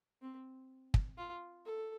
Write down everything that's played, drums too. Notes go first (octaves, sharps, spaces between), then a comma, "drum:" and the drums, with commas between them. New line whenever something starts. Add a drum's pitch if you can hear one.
C4
drum: kick
F4
A4